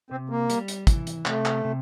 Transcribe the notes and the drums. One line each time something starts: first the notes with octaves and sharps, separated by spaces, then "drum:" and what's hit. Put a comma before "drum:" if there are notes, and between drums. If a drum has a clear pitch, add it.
C3 C4
A#3
G3, drum: hi-hat
drum: hi-hat
E3, drum: kick, hi-hat
drum: hi-hat
C3 A3, drum: clap
drum: clap
C3